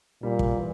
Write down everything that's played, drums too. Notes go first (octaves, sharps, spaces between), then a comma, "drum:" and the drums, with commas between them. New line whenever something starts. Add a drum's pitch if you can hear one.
A#2 G3
drum: kick
E3